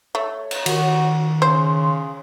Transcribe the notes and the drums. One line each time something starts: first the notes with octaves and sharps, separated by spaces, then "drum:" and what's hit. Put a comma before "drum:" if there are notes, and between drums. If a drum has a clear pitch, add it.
A3 C#5
drum: cymbal
D#3 F#4, drum: cymbal
C#3 C5 C6